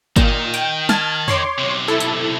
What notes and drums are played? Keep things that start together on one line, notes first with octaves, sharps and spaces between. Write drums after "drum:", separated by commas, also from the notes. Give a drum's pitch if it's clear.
A#2 D#3, drum: kick G1, hi-hat
G5, drum: hi-hat
A5 F6 G#6, drum: snare
C#5 C6 D6, drum: tom
B1 C3
E4 A4
drum: hi-hat